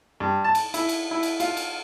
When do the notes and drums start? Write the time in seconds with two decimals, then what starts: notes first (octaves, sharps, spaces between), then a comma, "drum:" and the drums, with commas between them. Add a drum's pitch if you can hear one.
0.20 G2
0.44 A5
0.55 drum: cymbal
0.74 E4, drum: cymbal
0.89 drum: cymbal
1.11 E4
1.23 drum: cymbal
1.40 F4, drum: cymbal
1.57 drum: cymbal